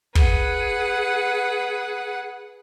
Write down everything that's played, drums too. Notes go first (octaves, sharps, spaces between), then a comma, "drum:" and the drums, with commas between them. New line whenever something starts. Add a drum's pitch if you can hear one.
G#4 B4 F#5, drum: kick